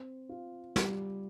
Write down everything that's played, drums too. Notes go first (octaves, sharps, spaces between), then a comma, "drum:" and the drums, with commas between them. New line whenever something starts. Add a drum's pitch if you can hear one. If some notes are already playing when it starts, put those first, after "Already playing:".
Already playing: C4
F4
G3, drum: snare